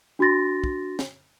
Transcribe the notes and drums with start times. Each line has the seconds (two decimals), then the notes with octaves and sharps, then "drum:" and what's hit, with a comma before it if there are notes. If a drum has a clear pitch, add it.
0.19 D4 F#4 C6 A6 A#6
0.64 drum: kick
0.99 drum: snare